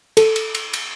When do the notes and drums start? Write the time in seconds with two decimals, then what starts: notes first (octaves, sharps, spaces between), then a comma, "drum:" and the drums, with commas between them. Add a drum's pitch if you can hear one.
0.17 A4, drum: cymbal
0.36 drum: cymbal
0.55 drum: cymbal
0.73 drum: cymbal